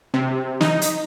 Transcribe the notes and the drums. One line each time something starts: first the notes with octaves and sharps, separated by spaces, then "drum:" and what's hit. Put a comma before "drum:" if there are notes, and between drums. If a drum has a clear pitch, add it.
C3
D#4, drum: snare
drum: hi-hat